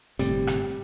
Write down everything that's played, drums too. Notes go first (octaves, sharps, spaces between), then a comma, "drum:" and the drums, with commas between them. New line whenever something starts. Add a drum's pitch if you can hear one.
G1 A2 C3 G3, drum: hi-hat
drum: rim click